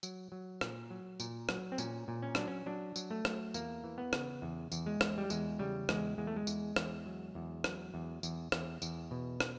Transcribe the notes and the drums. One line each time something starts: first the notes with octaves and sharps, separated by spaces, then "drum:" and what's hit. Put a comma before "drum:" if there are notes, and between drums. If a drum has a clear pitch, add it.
F#3, drum: tambourine
F#3
A#2, drum: rim click
F#3
A#2, drum: tambourine
F#3, drum: rim click
C4
A#2 C#4, drum: tambourine
A#2
C#4
F#3 D4, drum: rim click
C#4
F#3 D4
F#3, drum: tambourine
A3
F#3, drum: rim click
E2 A#3, drum: tambourine
E3
B3
C#3, drum: rim click
E2
E2, drum: tambourine
G#3
E2, drum: rim click
G3
E2 G#3, drum: tambourine
C#3 G3
E2 G#3, drum: rim click
E2 G#3
A3
G#3
E2, drum: tambourine
E2, drum: rim click
F#3
E2
F#3, drum: rim click
E2
E2, drum: tambourine
E2, drum: rim click
E2, drum: tambourine
B2
drum: rim click